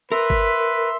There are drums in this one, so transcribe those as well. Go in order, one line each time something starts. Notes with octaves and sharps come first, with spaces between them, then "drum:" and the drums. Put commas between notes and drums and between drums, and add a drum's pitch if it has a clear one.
A#4 B4 E5 C6
drum: kick G1